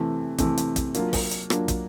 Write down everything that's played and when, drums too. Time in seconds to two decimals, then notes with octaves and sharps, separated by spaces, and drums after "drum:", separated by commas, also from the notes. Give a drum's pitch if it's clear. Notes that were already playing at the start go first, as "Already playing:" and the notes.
Already playing: C3 E3 A3
0.38 C3 E3 A3, drum: kick, hi-hat
0.57 drum: hi-hat
0.76 drum: kick, hi-hat
0.94 F#3 A#3 D4 F4, drum: hi-hat
1.13 drum: kick, open hi-hat
1.31 drum: hi-hat
1.50 F#3 A#3 D4 F4, drum: rim click
1.68 drum: kick, hi-hat